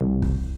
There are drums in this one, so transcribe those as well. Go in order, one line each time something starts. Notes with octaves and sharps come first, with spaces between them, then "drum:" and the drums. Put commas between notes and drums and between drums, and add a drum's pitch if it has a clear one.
C2
drum: kick